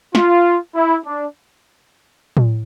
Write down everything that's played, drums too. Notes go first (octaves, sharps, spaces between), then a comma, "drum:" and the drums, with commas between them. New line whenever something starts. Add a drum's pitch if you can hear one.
F4, drum: snare
E4
D4
drum: tom A2